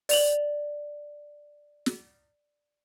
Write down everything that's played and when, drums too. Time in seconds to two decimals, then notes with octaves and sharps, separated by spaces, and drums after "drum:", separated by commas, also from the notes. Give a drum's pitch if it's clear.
0.09 D5 F7 F#7, drum: open hi-hat
1.86 drum: snare